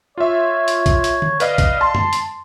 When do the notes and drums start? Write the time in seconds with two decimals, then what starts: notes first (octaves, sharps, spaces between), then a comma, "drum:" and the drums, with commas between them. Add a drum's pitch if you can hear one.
0.18 F4 C#5 E5
0.68 drum: hi-hat
0.86 drum: kick B1, hi-hat
1.04 drum: hi-hat
1.22 drum: tom D3
1.40 B4 D5 D#5 F5, drum: hi-hat
1.58 drum: kick B1, hi-hat
1.81 A5 C6
1.95 drum: tom F#2
2.13 drum: hi-hat